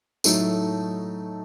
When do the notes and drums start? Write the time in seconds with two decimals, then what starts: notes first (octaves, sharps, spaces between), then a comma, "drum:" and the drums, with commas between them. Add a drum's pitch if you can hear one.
0.24 A2 F#3 A3 D#4 A4, drum: tambourine